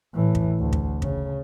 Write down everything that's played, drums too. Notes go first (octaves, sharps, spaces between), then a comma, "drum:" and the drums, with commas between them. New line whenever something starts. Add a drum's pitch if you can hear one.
A2 E3
drum: kick
D2
drum: kick
C#3, drum: kick